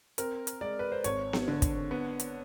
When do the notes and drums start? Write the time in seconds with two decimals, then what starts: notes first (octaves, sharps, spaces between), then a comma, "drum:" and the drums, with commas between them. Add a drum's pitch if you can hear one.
0.18 C4 A#4, drum: hi-hat
0.47 drum: hi-hat
0.61 G#3 D5
0.79 B4
0.92 C5
1.04 G#1 C#5, drum: hi-hat
1.33 drum: snare B3
1.48 D3
1.62 drum: kick, hi-hat
1.91 B3
2.20 drum: hi-hat